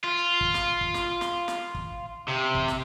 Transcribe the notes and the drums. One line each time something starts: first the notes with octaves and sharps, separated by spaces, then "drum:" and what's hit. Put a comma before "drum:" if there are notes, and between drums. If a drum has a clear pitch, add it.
F4
drum: kick
drum: snare
drum: kick
drum: snare
drum: snare
drum: snare
drum: kick
C3
drum: kick
drum: snare